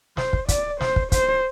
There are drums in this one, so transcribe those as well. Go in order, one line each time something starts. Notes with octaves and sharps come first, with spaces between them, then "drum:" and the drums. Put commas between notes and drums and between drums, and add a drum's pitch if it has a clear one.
C5, drum: snare
drum: kick
D5, drum: kick, hi-hat
C5, drum: snare
drum: kick
C5, drum: kick, hi-hat